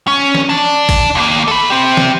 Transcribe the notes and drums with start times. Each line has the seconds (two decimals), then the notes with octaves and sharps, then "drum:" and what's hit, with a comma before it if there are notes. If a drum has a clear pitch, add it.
0.07 C#4
0.35 drum: snare
0.49 D5 A5
0.89 drum: kick G#1, open hi-hat
1.15 D#2 A#3
1.48 A4 B5
1.70 C4 G4
1.97 drum: snare